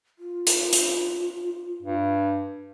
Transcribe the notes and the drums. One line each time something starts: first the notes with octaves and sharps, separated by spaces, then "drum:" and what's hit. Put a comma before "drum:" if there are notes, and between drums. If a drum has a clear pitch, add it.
F4
drum: hi-hat
drum: hi-hat
G2